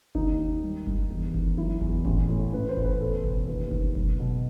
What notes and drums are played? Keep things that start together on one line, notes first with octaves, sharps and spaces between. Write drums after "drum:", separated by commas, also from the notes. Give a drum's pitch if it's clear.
D#2 D#4, drum: kick F#1
D#3
G3
G2, drum: kick F#1
E2
D#3, drum: kick F#1
F#3 E4
E2, drum: kick F#1
A1, drum: kick F#1
A2
A1 B4
C5
A2, drum: kick F#1
B4
E2 A4
B2, drum: kick F#1
D#2 B4
D#3, drum: kick F#1
B1, drum: kick F#1
B2